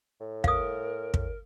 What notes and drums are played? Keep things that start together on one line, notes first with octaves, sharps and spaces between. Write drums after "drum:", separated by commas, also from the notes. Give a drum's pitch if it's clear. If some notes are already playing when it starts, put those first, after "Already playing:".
A2
A#4 F5 D#6, drum: kick
drum: kick